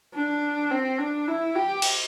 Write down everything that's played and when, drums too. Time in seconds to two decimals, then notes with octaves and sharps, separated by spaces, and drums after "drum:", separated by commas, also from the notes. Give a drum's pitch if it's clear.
0.14 D4
0.71 C4
0.99 D4
1.28 E4
1.56 G4
1.82 drum: cymbal